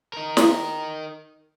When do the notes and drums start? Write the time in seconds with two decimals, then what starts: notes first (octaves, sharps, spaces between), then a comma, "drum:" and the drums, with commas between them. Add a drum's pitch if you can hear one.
0.13 D#4 A#4
0.37 drum: snare